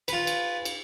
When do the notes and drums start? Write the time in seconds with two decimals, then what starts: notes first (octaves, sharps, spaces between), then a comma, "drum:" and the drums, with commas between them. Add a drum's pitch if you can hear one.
0.08 F4 B4, drum: cymbal
0.27 drum: cymbal
0.65 drum: cymbal